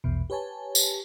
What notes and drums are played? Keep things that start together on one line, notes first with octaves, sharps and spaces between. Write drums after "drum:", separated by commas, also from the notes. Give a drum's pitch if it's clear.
A#1 E2 B2
G4 B4 C#5 G#5 A5
drum: tambourine